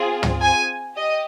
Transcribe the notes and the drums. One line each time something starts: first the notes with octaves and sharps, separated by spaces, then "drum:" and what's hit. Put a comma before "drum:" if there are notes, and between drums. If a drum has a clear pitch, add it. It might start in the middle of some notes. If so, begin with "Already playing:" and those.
Already playing: C4 F4 G#4
drum: tom
G#5
G4 D#5